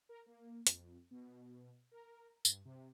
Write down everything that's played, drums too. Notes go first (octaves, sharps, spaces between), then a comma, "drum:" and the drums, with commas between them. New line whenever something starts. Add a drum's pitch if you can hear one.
A#4
A#3
F2, drum: hi-hat
B2
A#4
G2, drum: tambourine
C3